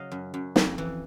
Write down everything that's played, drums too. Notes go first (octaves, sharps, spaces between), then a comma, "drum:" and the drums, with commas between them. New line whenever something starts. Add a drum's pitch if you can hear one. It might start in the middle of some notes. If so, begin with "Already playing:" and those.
Already playing: C#3 F#3 D#5 F5
F#2
F#2
F2, drum: snare
E3